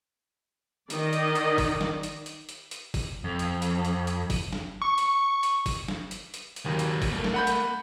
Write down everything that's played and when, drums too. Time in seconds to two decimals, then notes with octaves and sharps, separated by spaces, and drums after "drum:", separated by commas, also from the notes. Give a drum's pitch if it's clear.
0.90 D#3 D#4 D5 D#5, drum: hi-hat
1.13 drum: hi-hat
1.35 drum: hi-hat
1.58 drum: kick F#1, open hi-hat
1.81 drum: snare
2.03 drum: hi-hat
2.26 drum: hi-hat
2.49 drum: hi-hat
2.71 drum: hi-hat
2.94 drum: kick F#1, open hi-hat
3.24 F2
3.39 drum: hi-hat
3.62 drum: hi-hat
3.85 drum: hi-hat
4.07 drum: hi-hat
4.30 drum: kick F#1, open hi-hat
4.53 drum: snare
4.82 C#6
4.98 drum: hi-hat
5.43 drum: hi-hat
5.66 drum: kick F#1, open hi-hat
5.88 drum: snare
6.11 drum: hi-hat
6.34 drum: hi-hat
6.56 drum: hi-hat
6.66 D#2 D#3 F#3
6.79 drum: hi-hat
7.02 drum: kick F#1, open hi-hat
7.12 A3 A#3
7.24 drum: snare
7.34 F#5 B5 G6
7.47 drum: hi-hat